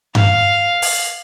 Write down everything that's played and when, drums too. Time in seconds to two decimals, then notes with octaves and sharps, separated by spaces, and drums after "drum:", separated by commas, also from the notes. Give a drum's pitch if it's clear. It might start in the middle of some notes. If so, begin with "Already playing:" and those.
0.15 F5, drum: tom G2
0.82 drum: open hi-hat